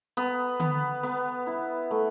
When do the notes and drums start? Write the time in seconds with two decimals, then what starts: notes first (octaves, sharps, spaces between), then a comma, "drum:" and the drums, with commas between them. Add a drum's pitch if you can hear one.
0.17 B3
0.60 B3, drum: tom D3
1.03 B3
1.47 E4
1.91 A3